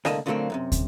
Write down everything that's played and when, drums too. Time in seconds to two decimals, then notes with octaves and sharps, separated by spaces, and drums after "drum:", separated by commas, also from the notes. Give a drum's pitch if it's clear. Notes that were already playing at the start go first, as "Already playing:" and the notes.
0.05 C2 A2 D3 A#3 D#5 A5, drum: rim click
0.26 A#2 D3 F#3 A3 A#3 C4
0.50 F#2 A2 C3
0.72 drum: kick, hi-hat